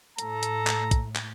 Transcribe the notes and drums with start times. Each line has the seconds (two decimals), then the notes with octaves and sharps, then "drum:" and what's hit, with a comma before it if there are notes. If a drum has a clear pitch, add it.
0.18 A2 A4 A#5, drum: hi-hat
0.43 drum: hi-hat
0.67 drum: clap
0.91 drum: kick, hi-hat
1.16 drum: clap